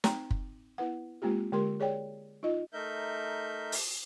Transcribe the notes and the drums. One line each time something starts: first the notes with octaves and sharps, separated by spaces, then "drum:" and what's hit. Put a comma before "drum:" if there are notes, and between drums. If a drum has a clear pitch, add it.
C4 D#4 G5 A#5, drum: snare
drum: kick
B3 E4 B4 F#5
G#3 A#3 C4 F4 G4
D3 G#3 G4 A#4 C6
G#4 C#5 D5 G5
D#4 F4 D#5
A3 D#4 A#4 E5 G6
drum: open hi-hat